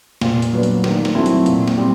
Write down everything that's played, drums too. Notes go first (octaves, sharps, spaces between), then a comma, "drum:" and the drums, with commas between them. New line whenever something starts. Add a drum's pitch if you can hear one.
A#2, drum: snare
drum: hi-hat
F#3 B3 D4
drum: hi-hat
D#3, drum: snare
drum: snare
F#3 A3 C4 E4
drum: hi-hat
A#2, drum: hi-hat
drum: snare
G3 C4